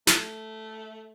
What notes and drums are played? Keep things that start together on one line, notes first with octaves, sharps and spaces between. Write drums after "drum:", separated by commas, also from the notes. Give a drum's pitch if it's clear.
A3, drum: snare